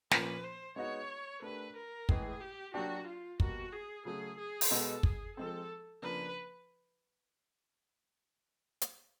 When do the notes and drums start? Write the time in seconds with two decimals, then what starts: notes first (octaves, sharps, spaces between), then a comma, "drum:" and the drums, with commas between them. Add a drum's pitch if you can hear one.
0.11 A#2 F3 A#3 C#4 B4, drum: snare
0.43 C5
0.76 G#3 B3 D#4 F#4 C#5
1.42 A3 D4 G4 A#4 B4
1.76 A#4
2.09 A2 E3 G#3 G#4, drum: kick
2.40 G4
2.74 F#3 A#3 D4 F#4 G4
3.07 F4
3.40 B2 G3 A#3 F#4, drum: kick
3.73 G#4
4.05 C#3 F#3 A3 G#4
4.38 G#4
4.61 drum: open hi-hat
4.71 B2 G#3 B3 A4
5.03 G#4, drum: kick
5.37 F3 G#3 C4 A4
6.02 C#3 F3 A#3 D4 B4
8.81 drum: hi-hat